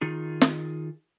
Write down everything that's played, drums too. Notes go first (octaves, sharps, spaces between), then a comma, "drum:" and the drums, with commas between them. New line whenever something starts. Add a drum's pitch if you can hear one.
D#3 D#4 F4 G#4
drum: snare